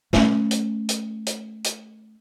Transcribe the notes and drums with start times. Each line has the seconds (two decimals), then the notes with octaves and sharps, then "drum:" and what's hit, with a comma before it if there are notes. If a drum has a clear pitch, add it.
0.13 A3 C#4, drum: snare
0.51 drum: hi-hat
0.89 drum: hi-hat
1.27 drum: hi-hat
1.64 drum: hi-hat